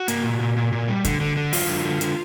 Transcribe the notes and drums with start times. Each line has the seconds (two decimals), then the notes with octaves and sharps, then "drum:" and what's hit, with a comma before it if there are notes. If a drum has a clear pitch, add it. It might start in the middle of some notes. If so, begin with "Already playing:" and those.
Already playing: F#4
0.08 A#3, drum: hi-hat
0.24 A#2
0.40 A#2
0.56 A#2
0.72 A#2
0.88 G3
1.05 D3, drum: kick, hi-hat
1.21 D3
1.37 D3
1.53 F#3 F4, drum: open hi-hat
1.69 D3
1.85 D3
2.01 D3, drum: hi-hat